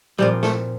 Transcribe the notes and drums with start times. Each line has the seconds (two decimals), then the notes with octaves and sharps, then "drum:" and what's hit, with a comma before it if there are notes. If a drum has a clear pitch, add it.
0.18 A#2 F3 G3 C4 F4
0.43 A3, drum: snare